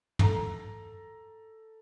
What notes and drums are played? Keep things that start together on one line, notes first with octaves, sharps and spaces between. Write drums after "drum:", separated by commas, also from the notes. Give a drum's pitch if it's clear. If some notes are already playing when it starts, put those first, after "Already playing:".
A4 A#5, drum: tom